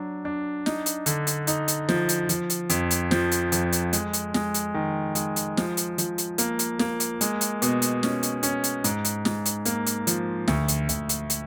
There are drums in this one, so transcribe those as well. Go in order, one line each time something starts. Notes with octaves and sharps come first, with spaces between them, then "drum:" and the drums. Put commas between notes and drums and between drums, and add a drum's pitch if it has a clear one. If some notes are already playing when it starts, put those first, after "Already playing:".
Already playing: F#3 D4
D4
D#4, drum: snare
drum: hi-hat
D3, drum: hi-hat
drum: hi-hat
D#4, drum: hi-hat
drum: hi-hat
F3, drum: snare
drum: hi-hat
F3, drum: hi-hat
drum: hi-hat
F2, drum: hi-hat
drum: hi-hat
F3, drum: snare
drum: hi-hat
F2, drum: hi-hat
drum: hi-hat
G#3, drum: hi-hat
drum: hi-hat
G#3, drum: snare
drum: hi-hat
D#3
G#3, drum: hi-hat
drum: hi-hat
F3, drum: snare
drum: hi-hat
F3, drum: hi-hat
drum: hi-hat
A#3, drum: hi-hat
drum: hi-hat
A#3, drum: snare
drum: hi-hat
G#3, drum: hi-hat
drum: hi-hat
B2, drum: hi-hat
drum: hi-hat
C#4, drum: snare
drum: hi-hat
C#4, drum: hi-hat
drum: hi-hat
G#2, drum: hi-hat
drum: hi-hat
G#2, drum: snare
drum: hi-hat
A#3, drum: hi-hat
drum: hi-hat
F3, drum: hi-hat
D2, drum: snare
drum: hi-hat
D2, drum: hi-hat
drum: hi-hat
drum: hi-hat